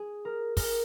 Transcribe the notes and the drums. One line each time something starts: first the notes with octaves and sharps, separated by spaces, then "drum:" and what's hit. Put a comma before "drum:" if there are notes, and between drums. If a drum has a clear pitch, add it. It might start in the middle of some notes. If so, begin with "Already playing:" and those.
Already playing: G#4
A#4
A#4, drum: kick, open hi-hat